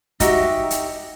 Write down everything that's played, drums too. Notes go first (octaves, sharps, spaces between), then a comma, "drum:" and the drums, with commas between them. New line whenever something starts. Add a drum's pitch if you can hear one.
D#4 F#4 G4 E5, drum: kick, hi-hat
drum: hi-hat